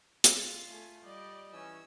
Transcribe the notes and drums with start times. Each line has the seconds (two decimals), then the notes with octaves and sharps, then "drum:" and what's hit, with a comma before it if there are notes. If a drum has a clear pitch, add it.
0.24 F4, drum: hi-hat
0.69 A3 G#5
1.04 G3 D5 D#5
1.53 E3 C#4 G#5 E6